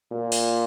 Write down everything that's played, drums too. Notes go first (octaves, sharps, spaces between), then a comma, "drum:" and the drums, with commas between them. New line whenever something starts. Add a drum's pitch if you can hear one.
A#2
drum: open hi-hat